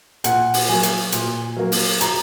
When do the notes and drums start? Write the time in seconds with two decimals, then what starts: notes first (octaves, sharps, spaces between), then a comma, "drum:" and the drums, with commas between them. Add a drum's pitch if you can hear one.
0.24 A#2 F#5, drum: hi-hat
0.54 drum: open hi-hat
0.68 F#3 A#3 G#5
0.83 drum: hi-hat
1.12 A#2, drum: hi-hat
1.57 F#3 A#3
1.72 drum: open hi-hat
2.01 A#5, drum: hi-hat